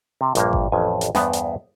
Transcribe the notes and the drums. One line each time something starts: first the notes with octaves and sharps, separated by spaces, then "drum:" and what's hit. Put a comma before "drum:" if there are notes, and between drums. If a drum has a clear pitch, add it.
C3
A#1 G2 A#3, drum: hi-hat
drum: kick G#1
A1 F2 G#5
drum: hi-hat
E2 G2 B3 C5 D5, drum: snare
drum: hi-hat